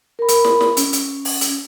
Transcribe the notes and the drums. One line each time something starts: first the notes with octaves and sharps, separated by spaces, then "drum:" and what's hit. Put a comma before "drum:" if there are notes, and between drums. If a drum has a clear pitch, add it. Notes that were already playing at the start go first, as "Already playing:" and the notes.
A#4 B5
drum: hi-hat
drum: snare
drum: snare
C#4, drum: hi-hat
drum: hi-hat
drum: open hi-hat
drum: hi-hat